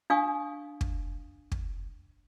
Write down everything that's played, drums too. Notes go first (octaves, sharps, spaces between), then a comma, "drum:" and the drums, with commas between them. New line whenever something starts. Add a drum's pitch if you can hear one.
D4 F5 G#5 C#6 D#6
drum: kick
drum: kick